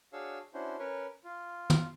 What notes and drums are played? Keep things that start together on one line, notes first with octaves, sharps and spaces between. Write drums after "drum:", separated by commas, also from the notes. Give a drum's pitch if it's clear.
D4 F#4 G#4 C#5 F5 E6
C#4 D4 E4 F#4 C5
C#4 A#4 B4 C#5
F4
drum: tom